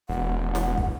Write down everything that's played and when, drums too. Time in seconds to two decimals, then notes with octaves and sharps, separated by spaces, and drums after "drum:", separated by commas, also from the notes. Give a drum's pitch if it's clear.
0.09 E1 F#5
0.55 drum: snare
0.78 drum: kick